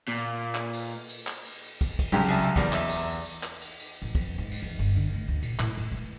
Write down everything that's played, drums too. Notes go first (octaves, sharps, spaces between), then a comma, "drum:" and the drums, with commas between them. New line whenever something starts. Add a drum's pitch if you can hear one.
A#2
drum: clap
drum: cymbal
drum: cymbal
drum: clap
drum: cymbal
drum: cymbal
drum: kick, cymbal
drum: kick, cymbal
C2 C#3 F#3 G4
G#4 E5 A5
E2 D3 G3 A#3, drum: kick, cymbal
D#4 E5 A5, drum: clap
drum: cymbal
drum: cymbal
drum: clap
drum: cymbal
drum: cymbal
A1
F2, drum: kick, cymbal
G#2
drum: cymbal
E2
G1
D3
A3
D2
A#2, drum: cymbal
A2, drum: clap
A2, drum: cymbal
A3